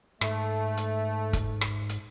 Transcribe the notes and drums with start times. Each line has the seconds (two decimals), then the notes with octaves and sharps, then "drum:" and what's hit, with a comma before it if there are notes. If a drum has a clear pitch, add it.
0.21 G#2 A3, drum: rim click
0.77 drum: hi-hat
1.33 drum: kick, hi-hat
1.61 drum: rim click
1.89 drum: hi-hat